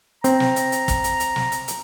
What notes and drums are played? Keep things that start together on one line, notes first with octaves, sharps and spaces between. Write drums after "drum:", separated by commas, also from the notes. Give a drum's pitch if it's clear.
C4 A#5, drum: hi-hat
drum: snare
drum: hi-hat
drum: hi-hat
drum: kick, hi-hat
drum: hi-hat
drum: hi-hat
drum: snare
drum: hi-hat
drum: hi-hat